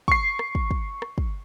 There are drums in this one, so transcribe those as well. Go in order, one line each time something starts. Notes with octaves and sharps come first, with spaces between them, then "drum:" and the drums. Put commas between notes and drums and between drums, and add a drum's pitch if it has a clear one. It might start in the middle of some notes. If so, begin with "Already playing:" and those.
C#6 C7, drum: kick
drum: rim click
drum: kick
drum: kick
drum: rim click
drum: kick